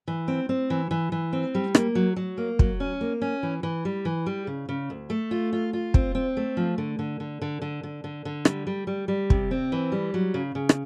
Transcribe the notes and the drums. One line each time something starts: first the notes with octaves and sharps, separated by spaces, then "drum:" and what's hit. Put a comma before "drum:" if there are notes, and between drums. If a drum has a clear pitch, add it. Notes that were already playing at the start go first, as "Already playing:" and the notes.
E3
C4
C4
E3
E3
E3
C4
G3
A#3, drum: rim click
F#3
F#3
A#3
F#3, drum: kick
C#4
A#3
C#4
E3
E3
G3
E3
G3
C#3
C#3
D2
A3
F4
F4
F4
C4, drum: kick
C4
A3
F3
D3
D3
D3
D3
D3
D3
D3
D3
G3, drum: rim click
G3
G3
G3
C3, drum: kick
C4
E3
G3
F#3
C#3
C#3
drum: rim click